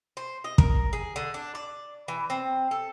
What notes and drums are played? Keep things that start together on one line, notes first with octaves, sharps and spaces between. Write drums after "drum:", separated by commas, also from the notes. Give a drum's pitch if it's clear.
C5
D#5
A#4, drum: kick
G#4
D3
D4
D5
E3
C4
A4